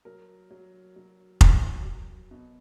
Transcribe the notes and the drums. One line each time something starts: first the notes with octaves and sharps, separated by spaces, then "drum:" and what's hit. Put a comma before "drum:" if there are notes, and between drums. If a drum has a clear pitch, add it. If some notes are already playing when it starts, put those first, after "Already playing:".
F#3 A#4
F#3
F#3
F#3, drum: kick F1
F#3
B2